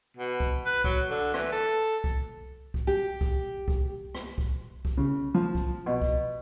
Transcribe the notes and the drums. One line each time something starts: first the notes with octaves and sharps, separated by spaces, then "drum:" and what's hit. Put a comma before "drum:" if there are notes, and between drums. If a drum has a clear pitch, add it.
B2
drum: kick C2
B4
F#3, drum: kick C2
D3
E3, drum: rim click
A4
drum: kick C2
drum: kick C2
G4
drum: kick C2
drum: kick C2
drum: rim click
drum: kick C2
drum: kick C2
C#3
F3
drum: kick C2
B2
drum: kick C2